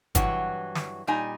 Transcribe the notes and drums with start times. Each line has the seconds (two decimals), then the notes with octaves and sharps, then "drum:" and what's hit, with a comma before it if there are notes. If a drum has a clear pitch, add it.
0.15 G2 E3 F#3 F#4, drum: kick, hi-hat
0.75 drum: snare
1.07 A#2 G3 D#4 G#5